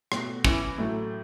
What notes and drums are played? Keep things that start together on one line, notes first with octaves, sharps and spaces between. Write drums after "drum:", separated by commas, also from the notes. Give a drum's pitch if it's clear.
B2 A3 F#4, drum: rim click
E3 C#4 E4, drum: kick
A2 F#3 A3